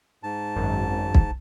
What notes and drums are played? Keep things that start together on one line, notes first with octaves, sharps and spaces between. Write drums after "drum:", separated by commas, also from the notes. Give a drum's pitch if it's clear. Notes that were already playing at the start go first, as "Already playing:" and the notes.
G#2 A5
G#1 F#2
drum: kick